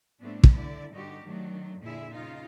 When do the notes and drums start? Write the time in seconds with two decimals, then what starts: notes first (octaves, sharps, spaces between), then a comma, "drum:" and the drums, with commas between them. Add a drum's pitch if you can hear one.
0.22 A2 G3 A3 B3 C4 D4
0.44 drum: kick
0.54 D3 E4 D5
0.92 G2 D3 D#4 F#4 G4
1.25 D#3 F#3 A3 D4
1.80 F2 A#2 D3 E4 G#4 E5
2.14 F2 C#3 D#4 F4 F5